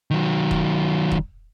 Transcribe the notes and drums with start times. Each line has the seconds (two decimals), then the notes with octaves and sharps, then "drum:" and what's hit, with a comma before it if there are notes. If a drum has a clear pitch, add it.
0.11 D#3 F#3
0.51 drum: kick
1.12 drum: kick